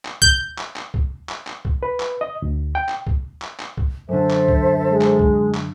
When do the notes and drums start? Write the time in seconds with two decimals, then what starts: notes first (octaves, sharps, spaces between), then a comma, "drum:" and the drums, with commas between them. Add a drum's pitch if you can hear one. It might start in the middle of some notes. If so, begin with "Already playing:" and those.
0.05 drum: clap
0.22 G6, drum: kick C2
0.59 drum: clap
0.76 drum: clap
0.94 drum: kick C2
1.29 drum: clap
1.47 drum: clap
1.65 drum: kick C2
1.83 B4
2.00 drum: clap
2.21 D#5
2.42 D2
2.75 G5
2.89 drum: clap
3.07 drum: kick C2
3.42 drum: clap
3.60 drum: clap
3.77 drum: kick C2
4.09 F#2 D3 A4 C5 E5
4.31 drum: clap
4.48 drum: kick C2
4.90 G#3
5.02 drum: clap
5.19 drum: kick C2
5.55 drum: clap